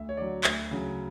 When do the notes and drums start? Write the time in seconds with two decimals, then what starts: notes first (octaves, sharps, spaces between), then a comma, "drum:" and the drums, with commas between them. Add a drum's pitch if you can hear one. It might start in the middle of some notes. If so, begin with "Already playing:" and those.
Already playing: D2 E5
0.09 C#5
0.17 D3 F#3 D5
0.44 D2 E5, drum: clap
0.71 C#3 F#3